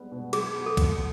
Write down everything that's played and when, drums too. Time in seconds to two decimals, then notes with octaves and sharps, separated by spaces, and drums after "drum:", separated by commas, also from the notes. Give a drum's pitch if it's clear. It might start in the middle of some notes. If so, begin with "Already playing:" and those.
Already playing: G3 G#3 B3
0.12 B2
0.33 F#3 G#4, drum: cymbal
0.55 B3
0.66 A4
0.77 B2, drum: kick B1, cymbal